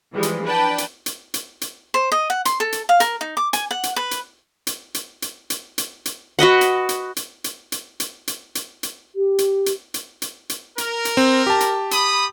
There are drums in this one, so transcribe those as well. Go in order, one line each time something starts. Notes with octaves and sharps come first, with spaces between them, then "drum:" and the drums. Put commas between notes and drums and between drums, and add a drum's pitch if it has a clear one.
E3 F3 G3 G#3 B4
drum: hi-hat
D4 B4 G5 A5 B5
drum: hi-hat
drum: hi-hat
drum: hi-hat
drum: hi-hat
C5
D#5
F#5
C6, drum: hi-hat
A4
drum: hi-hat
F5
A#4, drum: hi-hat
D#4
D6
G#5, drum: hi-hat
F#5
drum: hi-hat
B4
drum: hi-hat
drum: hi-hat
drum: hi-hat
drum: hi-hat
drum: hi-hat
drum: hi-hat
drum: hi-hat
F#4 B4 D#5 F#5
drum: hi-hat
drum: hi-hat
drum: hi-hat
drum: hi-hat
drum: hi-hat
drum: hi-hat
drum: hi-hat
drum: hi-hat
drum: hi-hat
G4
drum: hi-hat
drum: hi-hat
drum: hi-hat
drum: hi-hat
drum: hi-hat
A#4, drum: hi-hat
drum: hi-hat
C4
G4 A5
drum: hi-hat
B5 D#6, drum: hi-hat